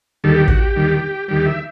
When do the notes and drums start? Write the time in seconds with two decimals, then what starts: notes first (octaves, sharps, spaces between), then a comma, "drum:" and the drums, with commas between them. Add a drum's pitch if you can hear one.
0.24 D#2 D#3 G3 A4
0.36 G4
0.48 F#4, drum: kick
0.59 G4
0.76 D#2 D#3 G3
1.28 D#2 D#3 G3 G4
1.45 E5